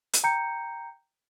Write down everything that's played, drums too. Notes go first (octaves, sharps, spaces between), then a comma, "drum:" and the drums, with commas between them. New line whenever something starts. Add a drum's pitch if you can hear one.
drum: hi-hat
G5 A#5 G6 C#7